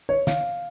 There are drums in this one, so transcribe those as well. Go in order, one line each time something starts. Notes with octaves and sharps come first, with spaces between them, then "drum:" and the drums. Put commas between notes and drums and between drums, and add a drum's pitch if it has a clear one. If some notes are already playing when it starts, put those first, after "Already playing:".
C#5
F5, drum: snare